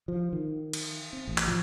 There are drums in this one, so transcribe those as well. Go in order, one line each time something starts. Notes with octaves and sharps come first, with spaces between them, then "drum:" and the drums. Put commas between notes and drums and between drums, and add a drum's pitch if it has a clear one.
F3
D#3
drum: cymbal
C4
A1
drum: clap
F3